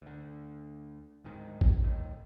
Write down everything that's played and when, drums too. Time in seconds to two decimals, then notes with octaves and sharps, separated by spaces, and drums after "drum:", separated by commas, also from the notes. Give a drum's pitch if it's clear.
0.02 D2 D3
1.24 D1 G#2 D#3
1.61 drum: kick A1
1.84 A2 D#3